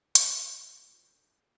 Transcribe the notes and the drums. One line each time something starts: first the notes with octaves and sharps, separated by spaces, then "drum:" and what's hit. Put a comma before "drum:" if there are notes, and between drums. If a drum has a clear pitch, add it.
G3 G4, drum: hi-hat
G4
F3
D3